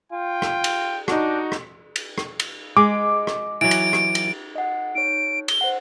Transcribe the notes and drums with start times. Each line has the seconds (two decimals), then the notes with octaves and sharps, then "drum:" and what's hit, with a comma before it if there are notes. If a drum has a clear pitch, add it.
0.12 F4 G5
0.42 drum: rim click
0.64 drum: cymbal
1.08 D4 D#4 F#4, drum: rim click
1.52 drum: rim click
1.96 drum: cymbal
2.18 drum: rim click
2.40 drum: cymbal
2.77 G#3 D6
3.27 drum: rim click
3.61 E3 F#3 D7
3.71 drum: cymbal
3.93 drum: rim click
4.15 drum: cymbal
4.56 D#5 F#5
4.95 D#4 C#5 D7
5.48 G7, drum: cymbal
5.61 C5 F#5